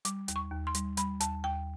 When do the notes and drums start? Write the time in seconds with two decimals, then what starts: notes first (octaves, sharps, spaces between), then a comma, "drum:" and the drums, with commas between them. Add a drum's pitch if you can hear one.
0.05 G3 D6, drum: hi-hat
0.28 D#2, drum: hi-hat
0.36 C#6
0.51 D#2
0.67 C6
0.75 G3, drum: hi-hat
0.97 G3 B5, drum: hi-hat
1.21 D#2 A5, drum: hi-hat
1.44 D#2 G5